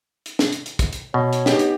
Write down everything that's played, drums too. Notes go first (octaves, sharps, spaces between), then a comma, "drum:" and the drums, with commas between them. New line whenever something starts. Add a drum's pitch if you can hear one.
drum: hi-hat
drum: snare
drum: hi-hat
drum: hi-hat
drum: kick, hi-hat
drum: hi-hat
B2 C#5
drum: hi-hat
B3 D#4 G4, drum: snare
drum: hi-hat